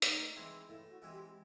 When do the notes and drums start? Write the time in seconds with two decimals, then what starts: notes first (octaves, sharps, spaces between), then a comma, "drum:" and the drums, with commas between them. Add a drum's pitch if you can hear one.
0.02 A2 D#4, drum: hi-hat
0.36 E3 G#3 C4 E4
0.68 A2 E4
0.91 F#4
1.02 E3 G#3 C4 E4
1.13 G4